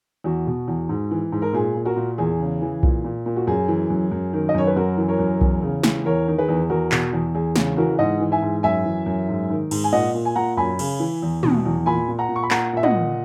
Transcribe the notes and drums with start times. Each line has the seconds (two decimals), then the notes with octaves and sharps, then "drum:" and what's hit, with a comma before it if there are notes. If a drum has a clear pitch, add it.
0.24 E2 F#4
0.47 B2
0.68 E2
0.89 G#2
1.11 E3
1.32 G#2
1.42 A#4
1.53 A#2 G#4
1.75 A#2
1.86 F#4 A#4
1.96 A#2
2.18 E2 G#4
2.40 C#3
2.62 E3
2.83 A#2, drum: kick B1
3.04 A#2
3.26 A#2
3.36 F#4
3.47 F#2 G#4
3.68 E3
3.90 F#2
4.12 F#2
4.33 D#3
4.49 D#5
4.54 F#2 C#5
4.67 B4
4.76 F#2 F#4 A#4
4.97 E3
5.08 A#4 C#5
5.19 F#2
5.41 E2, drum: kick B1
5.62 C#3
5.83 E3, drum: snare
6.05 E2 A#4 C#5
6.28 D#3
6.38 G#4 B4
6.49 E2
6.70 E2 F#4 A#4
6.92 B2, drum: clap
7.13 E2
7.35 E2 G#4
7.56 C#3 G#4, drum: snare
7.77 E3 F#4 A#4
7.99 G#2 D#5 F#5
8.20 E3
8.32 E5 G#5
8.42 G#2
8.63 F#2 E5 G#5
8.86 E3
9.06 F#2
9.29 G#2
9.50 D#3
9.71 G#2, drum: cymbal
9.84 G#5
9.92 A#2 D#5 F#5
10.15 A#2
10.25 G#5
10.35 A#2 F#5 A#5
10.57 F#2 G#5 B5
10.79 C#3, drum: cymbal
11.00 E3
11.22 E2
11.43 B2, drum: tom
11.65 E2
11.86 A#2 G#5 B5
12.09 A#2
12.19 F#5 A#5
12.29 A#2
12.36 C#6
12.43 B5
12.51 A#2 F#5 A#5, drum: clap
12.73 A#2 E5
12.83 D#5 F#5, drum: tom
12.94 A#2